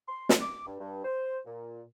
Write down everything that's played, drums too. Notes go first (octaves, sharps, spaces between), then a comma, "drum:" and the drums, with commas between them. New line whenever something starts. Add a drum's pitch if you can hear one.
C6
drum: snare
D6
G2
G2
C5
A#2